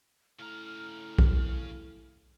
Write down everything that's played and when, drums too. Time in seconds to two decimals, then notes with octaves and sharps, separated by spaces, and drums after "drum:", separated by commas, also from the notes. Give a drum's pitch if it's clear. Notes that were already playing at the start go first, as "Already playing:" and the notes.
0.39 A2 C#3 A#5 F6
1.18 drum: kick